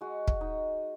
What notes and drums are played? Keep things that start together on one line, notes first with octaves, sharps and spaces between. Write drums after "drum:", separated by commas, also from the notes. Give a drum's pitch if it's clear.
G#3 F#4
drum: kick
D#4